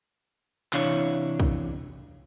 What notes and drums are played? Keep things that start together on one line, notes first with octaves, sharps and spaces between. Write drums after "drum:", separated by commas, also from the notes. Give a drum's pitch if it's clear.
C3 E3 D4 E4 C#5 F5, drum: clap
drum: kick